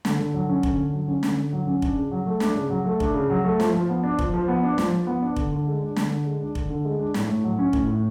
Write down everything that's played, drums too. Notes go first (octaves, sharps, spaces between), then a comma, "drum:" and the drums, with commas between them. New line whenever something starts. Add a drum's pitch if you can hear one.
D3, drum: snare
D3
F#3
C#4
D3, drum: kick F1
D3
F#3
C#4
D3, drum: snare
D3
F#3
C#4
D4, drum: kick F1
C#3
F#3
A3
D4, drum: snare
C#3
F#3
A3
D4, drum: kick F1
C#3
F#3
A3
F3, drum: snare
F3
B3
D4
F3, drum: kick F1
F3
B3
D4
F3, drum: snare
F3
B3
D4
D3, drum: kick F1
D3
G#3
D4
D3, drum: snare
D3
G#3
D4
D3, drum: kick F1
D3
G#3
D4
A2, drum: snare
A2
F#3
C#4
A2, drum: kick F1
A2